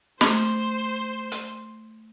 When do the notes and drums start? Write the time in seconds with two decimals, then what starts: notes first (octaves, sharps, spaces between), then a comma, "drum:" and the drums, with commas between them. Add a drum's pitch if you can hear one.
0.21 A3 C5, drum: snare
1.32 drum: hi-hat